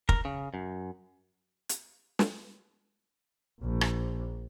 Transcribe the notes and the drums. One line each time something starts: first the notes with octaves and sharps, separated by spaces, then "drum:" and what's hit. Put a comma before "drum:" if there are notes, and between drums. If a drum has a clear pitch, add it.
A#4, drum: kick
C#3
F#2
drum: hi-hat
drum: snare
A#1
drum: rim click